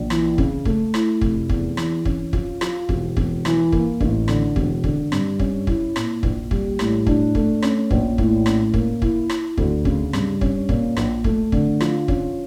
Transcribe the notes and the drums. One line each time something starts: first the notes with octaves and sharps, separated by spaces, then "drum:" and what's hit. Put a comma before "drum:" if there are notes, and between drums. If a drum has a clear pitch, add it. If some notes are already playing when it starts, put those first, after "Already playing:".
Already playing: A#1
E3, drum: rim click
C#3, drum: kick
A3, drum: kick
E4, drum: rim click
F1, drum: kick
E2, drum: kick
E3, drum: rim click
C#4, drum: kick
F3, drum: kick
F3, drum: rim click
E1, drum: kick
E1, drum: kick
E3, drum: rim click
A#3, drum: kick
A1, drum: kick
D3, drum: rim click
E1, drum: kick
D3, drum: kick
G2, drum: rim click
C#4, drum: kick
E4, drum: kick
A#2, drum: rim click
A#1, drum: kick
G3, drum: kick
A2, drum: rim click
D4, drum: kick
A3, drum: kick
C#4, drum: rim click
A#1, drum: kick
A2, drum: kick
C#4, drum: rim click
A#3, drum: kick
E4, drum: kick
E4, drum: rim click
D2, drum: kick
C#3, drum: kick
G2, drum: rim click
C#4, drum: kick
A#2, drum: kick
A#1, drum: rim click
A3, drum: kick
D3, drum: kick
F3, drum: rim click
C#4, drum: kick